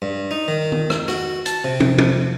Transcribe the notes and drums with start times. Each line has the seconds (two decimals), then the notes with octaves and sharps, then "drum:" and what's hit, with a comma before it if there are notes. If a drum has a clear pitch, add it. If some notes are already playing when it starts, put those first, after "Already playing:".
0.02 G2
0.31 D#4
0.48 D#3
0.72 drum: tom
0.90 drum: rim click
1.08 F#4, drum: rim click
1.46 A5, drum: hi-hat
1.64 C3
1.80 drum: tom
1.98 drum: tom